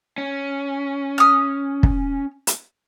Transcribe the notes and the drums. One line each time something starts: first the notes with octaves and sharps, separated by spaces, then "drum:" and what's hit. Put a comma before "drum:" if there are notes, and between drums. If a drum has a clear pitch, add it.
C#4
D#6 F6
drum: kick
drum: hi-hat